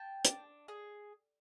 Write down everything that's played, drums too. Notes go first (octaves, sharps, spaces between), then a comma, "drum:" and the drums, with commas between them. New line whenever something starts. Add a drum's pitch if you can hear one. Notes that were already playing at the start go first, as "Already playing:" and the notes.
Already playing: G5 A5
D4, drum: hi-hat
G#4